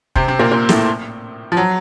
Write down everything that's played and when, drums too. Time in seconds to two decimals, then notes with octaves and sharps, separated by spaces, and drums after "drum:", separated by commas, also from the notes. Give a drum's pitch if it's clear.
0.16 C3 C4, drum: kick
0.28 C3 C4
0.39 A#2 A#3
0.52 A#2 A#3
0.69 A2 A3, drum: snare
1.52 F3
1.57 F#3